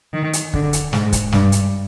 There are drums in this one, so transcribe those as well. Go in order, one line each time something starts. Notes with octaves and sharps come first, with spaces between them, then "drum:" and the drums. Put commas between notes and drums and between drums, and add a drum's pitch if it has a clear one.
D#3
drum: hi-hat
D3, drum: kick
drum: hi-hat
G#2, drum: snare
drum: kick, hi-hat
G2, drum: snare
drum: hi-hat